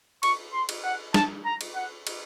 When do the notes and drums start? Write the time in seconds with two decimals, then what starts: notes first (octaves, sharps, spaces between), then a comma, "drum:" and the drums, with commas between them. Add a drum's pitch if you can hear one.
0.23 C#6, drum: cymbal
0.53 C6
0.69 drum: cymbal
0.84 F#5
1.14 A5, drum: snare
1.45 A#5
1.61 drum: cymbal
1.76 F#5
2.07 drum: cymbal